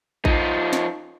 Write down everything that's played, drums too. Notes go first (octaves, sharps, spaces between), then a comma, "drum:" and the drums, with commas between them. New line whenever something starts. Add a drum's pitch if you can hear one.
F3 D#4, drum: kick A1
drum: snare